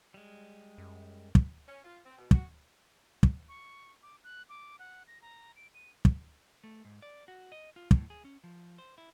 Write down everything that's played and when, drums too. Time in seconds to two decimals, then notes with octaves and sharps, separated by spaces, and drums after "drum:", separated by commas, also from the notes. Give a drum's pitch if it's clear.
0.14 G3 G#3
0.78 F#2
1.35 drum: kick
1.66 C#4
1.83 F4
2.05 C4
2.18 B2
2.31 F#4, drum: kick
3.23 drum: kick
3.49 C#6
4.03 D6
4.24 F#6
4.49 D6
4.79 F#5
5.07 A#6
5.22 A#5
5.56 D7
5.74 D#7
6.05 drum: kick
6.64 A3
6.85 G#2
7.02 D5
7.28 F#4
7.52 D#5
7.76 F4
7.91 A2, drum: kick
8.10 G#4
8.25 C#4
8.44 F3
8.78 C5
8.98 E4